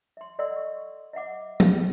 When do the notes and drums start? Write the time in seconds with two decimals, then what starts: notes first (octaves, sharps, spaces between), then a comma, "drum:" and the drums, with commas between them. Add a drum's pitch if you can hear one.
0.17 E5 C6
0.39 A4 D5 D#5 F#5 C6 E6
0.56 C#6
1.13 D#5 E5 F#5 D6
1.60 drum: tom